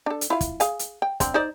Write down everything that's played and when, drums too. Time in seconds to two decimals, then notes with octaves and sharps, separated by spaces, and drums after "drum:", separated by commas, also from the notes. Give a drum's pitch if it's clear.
0.06 D4 A4
0.21 drum: hi-hat
0.30 E4 F4 F5
0.41 drum: kick, hi-hat
0.60 G#4 F5 G#5, drum: hi-hat
0.79 drum: hi-hat
1.02 G5
1.20 D3 C4, drum: kick, hi-hat
1.34 D#4 C5 D5